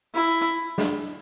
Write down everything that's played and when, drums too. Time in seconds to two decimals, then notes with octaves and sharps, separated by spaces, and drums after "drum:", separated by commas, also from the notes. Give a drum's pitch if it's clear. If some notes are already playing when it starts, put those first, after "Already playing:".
0.14 E4
0.78 drum: snare